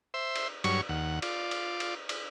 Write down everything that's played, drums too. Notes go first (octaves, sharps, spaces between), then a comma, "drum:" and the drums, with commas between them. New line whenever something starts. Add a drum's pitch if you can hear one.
C5 E5
drum: cymbal
G2 F#3 C#5 C#6, drum: cymbal
D#2 F#5
F4 D5, drum: cymbal
drum: cymbal
drum: cymbal
drum: cymbal